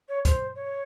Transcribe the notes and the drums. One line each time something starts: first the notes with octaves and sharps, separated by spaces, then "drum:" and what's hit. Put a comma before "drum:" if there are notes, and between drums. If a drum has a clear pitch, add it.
C#5
C5, drum: kick, hi-hat
C#5